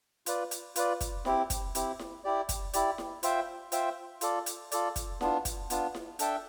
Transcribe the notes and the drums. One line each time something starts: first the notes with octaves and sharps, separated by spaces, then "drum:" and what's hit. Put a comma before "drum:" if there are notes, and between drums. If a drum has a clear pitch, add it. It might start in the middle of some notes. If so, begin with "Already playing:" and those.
F4 B4 D5, drum: hi-hat
drum: hi-hat
F4 B4 D5, drum: hi-hat
drum: kick, hi-hat
C4 E4 G4, drum: snare E4
drum: kick, hi-hat
C4 E4 G4, drum: hi-hat
drum: snare E4
E4 G4 D5
drum: kick, hi-hat
E4 G4 D5, drum: hi-hat
drum: snare E4
F4 C5 E5 G5, drum: hi-hat
F4 C5 E5 G5, drum: hi-hat
F4 A4 D5, drum: hi-hat
drum: hi-hat
F4 A4 D5, drum: hi-hat
drum: kick, hi-hat
B3 D4 F4, drum: snare E4
drum: kick, hi-hat
B3 D4 F4, drum: hi-hat
drum: snare E4
D4 A4 E5 G5, drum: hi-hat